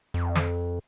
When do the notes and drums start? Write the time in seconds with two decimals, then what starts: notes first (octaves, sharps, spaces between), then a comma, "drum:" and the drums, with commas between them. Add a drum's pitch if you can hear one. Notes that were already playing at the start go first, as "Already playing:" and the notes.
0.14 F2
0.35 drum: snare